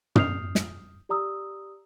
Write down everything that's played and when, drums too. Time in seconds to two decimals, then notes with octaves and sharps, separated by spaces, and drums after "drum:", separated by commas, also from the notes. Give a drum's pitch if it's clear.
0.16 D#6 F6 G6 C7 F7, drum: tom
0.55 drum: snare
1.09 G4 D5 A#5 D#6 E6